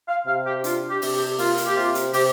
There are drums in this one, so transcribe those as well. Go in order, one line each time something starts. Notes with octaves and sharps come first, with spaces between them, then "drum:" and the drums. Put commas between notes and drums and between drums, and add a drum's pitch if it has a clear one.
F5
C3 F5
G4
D4 F4, drum: hi-hat
G4
C3, drum: open hi-hat
G4
A#3 F4, drum: open hi-hat
drum: hi-hat
G4
C3 F4
drum: hi-hat
C3 G4, drum: open hi-hat